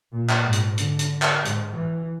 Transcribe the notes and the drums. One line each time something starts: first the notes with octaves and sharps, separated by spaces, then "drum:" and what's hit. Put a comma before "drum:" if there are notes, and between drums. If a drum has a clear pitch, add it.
A#2
drum: clap
G#2
drum: hi-hat
D3, drum: hi-hat
drum: hi-hat
drum: clap
G#2, drum: hi-hat
E3